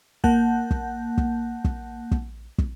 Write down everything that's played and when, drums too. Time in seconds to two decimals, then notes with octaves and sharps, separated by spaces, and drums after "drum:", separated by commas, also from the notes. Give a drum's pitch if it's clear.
0.24 A#3 F#5 A5 F#6 G6, drum: kick
0.71 drum: kick
1.18 drum: kick
1.65 drum: kick
2.11 drum: kick
2.58 drum: kick